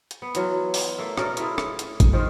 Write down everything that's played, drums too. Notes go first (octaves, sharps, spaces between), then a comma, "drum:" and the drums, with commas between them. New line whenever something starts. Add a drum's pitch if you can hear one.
drum: hi-hat
B3
E3 F#3 F4, drum: hi-hat
drum: open hi-hat
A3 A#3 E5
B2 C#4 A#4 D5, drum: rim click
A3 E4 F4 G#4, drum: hi-hat
drum: rim click
drum: hi-hat
drum: kick A1, hi-hat
D#3 F3 G#3 F4